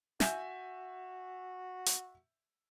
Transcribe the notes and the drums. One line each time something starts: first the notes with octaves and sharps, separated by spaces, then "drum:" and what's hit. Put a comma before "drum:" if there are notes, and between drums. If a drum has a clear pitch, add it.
F#4 E5 G#5 G6, drum: snare
drum: hi-hat